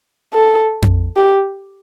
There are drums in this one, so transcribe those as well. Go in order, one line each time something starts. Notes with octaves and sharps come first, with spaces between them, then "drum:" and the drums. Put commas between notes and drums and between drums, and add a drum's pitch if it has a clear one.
A4
drum: tom F2
G4